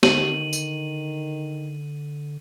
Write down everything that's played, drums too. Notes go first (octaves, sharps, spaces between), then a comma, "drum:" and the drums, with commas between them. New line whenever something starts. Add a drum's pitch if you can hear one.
D3 D#3 D#7 F#7, drum: snare
drum: tambourine